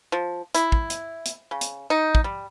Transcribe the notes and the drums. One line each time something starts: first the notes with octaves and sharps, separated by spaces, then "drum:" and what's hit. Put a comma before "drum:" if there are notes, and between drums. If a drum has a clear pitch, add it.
F3
E4, drum: hi-hat
drum: kick
drum: hi-hat
drum: hi-hat
C#3
drum: hi-hat
D#4
drum: kick
G3